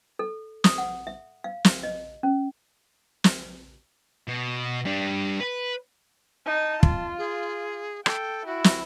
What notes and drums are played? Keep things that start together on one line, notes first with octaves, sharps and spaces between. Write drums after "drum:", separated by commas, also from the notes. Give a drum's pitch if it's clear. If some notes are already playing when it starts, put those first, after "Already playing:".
A4
D#6, drum: snare
F#5
E5
F5
drum: snare
D#5
C#4
drum: snare
B2
G3 D4
B4
D#4 A5
F4, drum: kick
G#4
A4 G5, drum: rim click
E4 F#4
drum: snare